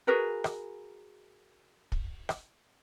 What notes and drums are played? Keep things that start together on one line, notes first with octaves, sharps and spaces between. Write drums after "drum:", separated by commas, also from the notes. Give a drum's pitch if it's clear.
F#4 G#4 A#4 B4
drum: rim click
drum: kick
drum: rim click